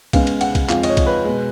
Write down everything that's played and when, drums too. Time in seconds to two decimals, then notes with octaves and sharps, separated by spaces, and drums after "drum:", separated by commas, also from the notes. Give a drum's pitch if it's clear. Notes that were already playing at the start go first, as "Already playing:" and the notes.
0.13 C#2 C#3 G#3 B3 F5, drum: kick B1, cymbal
0.27 drum: cymbal
0.41 F#5, drum: cymbal
0.55 drum: kick B1, cymbal
0.69 F2 F3 G#3 F5, drum: clap
0.83 D#5, drum: cymbal
0.88 C#5
0.97 drum: kick B1, cymbal
1.06 B4
1.25 B2 G#3